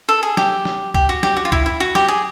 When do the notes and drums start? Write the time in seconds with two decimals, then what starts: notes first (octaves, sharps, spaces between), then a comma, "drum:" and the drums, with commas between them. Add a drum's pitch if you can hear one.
0.09 A4
0.23 G#4
0.37 G4, drum: snare
0.65 drum: snare
0.94 G4, drum: kick C#2
1.09 F#4
1.23 G4, drum: snare
1.37 F#4
1.45 F4
1.52 E4, drum: kick C#2
1.66 E4
1.80 F#4
1.95 G4, drum: snare
2.08 G#4